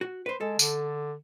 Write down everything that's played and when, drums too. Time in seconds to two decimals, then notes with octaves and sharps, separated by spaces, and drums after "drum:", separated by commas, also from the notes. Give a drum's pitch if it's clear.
0.01 F#4
0.26 B4 C5
0.41 G#3 A4
0.59 D3, drum: tambourine